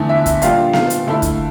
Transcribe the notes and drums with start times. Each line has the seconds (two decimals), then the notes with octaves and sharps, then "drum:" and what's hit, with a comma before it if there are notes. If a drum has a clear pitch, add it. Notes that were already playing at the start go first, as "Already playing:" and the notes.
Already playing: E2 D3 A3 E4
0.09 E5
0.26 drum: kick, hi-hat
0.42 A#2 G3 D4 F4 F5, drum: hi-hat
0.73 F5, drum: snare B3
0.90 drum: hi-hat
1.07 D3 A3 E4
1.22 drum: kick, hi-hat